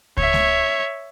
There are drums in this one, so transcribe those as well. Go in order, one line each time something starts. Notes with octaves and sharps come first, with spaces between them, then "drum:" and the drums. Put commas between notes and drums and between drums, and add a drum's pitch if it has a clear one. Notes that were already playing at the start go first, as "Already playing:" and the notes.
C#5 E5, drum: kick C#2
drum: snare G#3